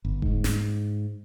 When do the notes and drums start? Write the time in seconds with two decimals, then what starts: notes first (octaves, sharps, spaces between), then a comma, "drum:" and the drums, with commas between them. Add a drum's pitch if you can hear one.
0.05 G1
0.22 G#2, drum: kick F1
0.44 drum: snare